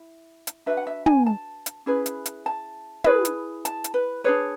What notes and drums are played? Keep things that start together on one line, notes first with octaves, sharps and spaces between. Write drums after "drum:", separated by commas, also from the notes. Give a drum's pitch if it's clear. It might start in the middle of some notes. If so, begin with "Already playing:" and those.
Already playing: E4
drum: hi-hat
D4 F#4 B4 E5
F#5
E5
G#5, drum: tom
A5
drum: hi-hat
C#4 E4 G#4 B4
drum: hi-hat
drum: hi-hat
A5
E4 G#4 B4, drum: tom
drum: hi-hat
A5, drum: hi-hat
drum: hi-hat
B4
D4 G#4 B4 C#5